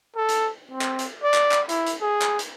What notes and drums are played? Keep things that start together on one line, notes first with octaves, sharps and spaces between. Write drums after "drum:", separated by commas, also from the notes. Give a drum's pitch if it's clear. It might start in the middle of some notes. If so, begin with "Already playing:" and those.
A4
drum: hi-hat
C4
drum: clap
drum: hi-hat
D5
drum: clap
drum: clap
E4, drum: hi-hat
drum: hi-hat
G#4
drum: clap
drum: hi-hat